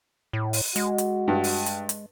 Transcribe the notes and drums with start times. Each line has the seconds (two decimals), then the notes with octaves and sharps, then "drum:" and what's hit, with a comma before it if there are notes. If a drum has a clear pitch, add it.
0.33 A2
0.53 drum: open hi-hat
0.76 G#3 F#4, drum: hi-hat
0.98 drum: hi-hat
1.28 G2
1.44 drum: open hi-hat
1.66 drum: hi-hat
1.89 drum: hi-hat